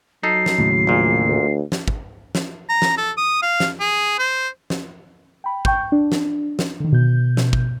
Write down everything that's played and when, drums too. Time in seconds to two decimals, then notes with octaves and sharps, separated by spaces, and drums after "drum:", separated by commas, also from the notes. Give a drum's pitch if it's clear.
0.23 F#3 D#4 A4 C7
0.46 drum: snare
0.58 D#2 A2 C#3
0.87 A#1 A#2
1.28 D2
1.72 drum: snare
1.88 drum: kick
2.35 drum: snare
2.69 A#5
2.82 drum: snare
2.98 A4
3.17 D#6
3.42 F5
3.60 drum: snare
3.80 G#4
4.19 C5
4.70 drum: snare
5.44 G5 B5
5.65 G5 C#6 G6, drum: kick
5.92 D4
6.12 drum: snare
6.59 drum: snare
6.80 D3 D#3
6.93 B2 G6
7.37 drum: snare
7.53 drum: kick